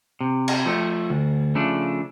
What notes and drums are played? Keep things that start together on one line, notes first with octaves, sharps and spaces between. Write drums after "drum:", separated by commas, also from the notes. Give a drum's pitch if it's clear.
C3
drum: cymbal
F3 A3
D2
C#3 F3 A3 D4